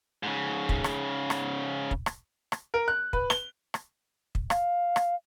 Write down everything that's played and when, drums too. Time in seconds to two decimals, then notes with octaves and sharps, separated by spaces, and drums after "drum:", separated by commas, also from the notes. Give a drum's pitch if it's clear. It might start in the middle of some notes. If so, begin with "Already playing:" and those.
0.23 G#2 C#3
0.69 drum: kick
0.84 drum: rim click
1.30 drum: rim click
1.91 drum: kick
2.06 drum: rim click
2.52 drum: rim click
2.74 A#4
2.88 F#6
3.13 B4, drum: kick
3.30 G7, drum: rim click
3.74 drum: rim click
4.35 drum: kick
4.50 F5, drum: rim click
4.96 drum: rim click